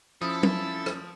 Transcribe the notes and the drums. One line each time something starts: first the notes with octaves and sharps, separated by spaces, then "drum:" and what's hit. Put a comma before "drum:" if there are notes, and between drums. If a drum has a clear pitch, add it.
F3 C#4 E4 A4 D#6
drum: tom
drum: rim click